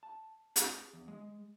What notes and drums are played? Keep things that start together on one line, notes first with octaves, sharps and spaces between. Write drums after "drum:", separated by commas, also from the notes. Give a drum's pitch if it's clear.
A5
G#4, drum: hi-hat
E2
G#3